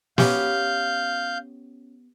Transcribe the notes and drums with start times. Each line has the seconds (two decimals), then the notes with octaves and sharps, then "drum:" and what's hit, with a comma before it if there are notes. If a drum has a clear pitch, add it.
0.18 B3 C#4 G4 F5 G6, drum: snare